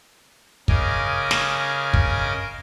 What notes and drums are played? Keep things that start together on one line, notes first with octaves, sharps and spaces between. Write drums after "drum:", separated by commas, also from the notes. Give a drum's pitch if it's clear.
C#3 A#4 D#5 G#5 D6, drum: kick
drum: snare
drum: kick